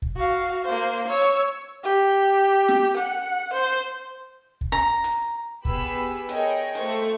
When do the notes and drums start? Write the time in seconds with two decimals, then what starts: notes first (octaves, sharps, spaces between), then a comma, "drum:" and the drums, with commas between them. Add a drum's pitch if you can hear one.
0.02 drum: kick
0.16 F#4 F5
0.65 A#3 C5
1.08 C#5 E6
1.21 drum: hi-hat
1.84 G4
2.68 drum: snare
2.97 F#5, drum: hi-hat
3.53 C5
4.61 drum: kick
4.72 A#5
5.04 drum: hi-hat
5.65 B3 G4 G#4 B4 B5 E6, drum: kick
6.29 G#4 A#4 C#5 D#5 G5 G#5, drum: hi-hat
6.75 A3 F4 C5 C#6, drum: hi-hat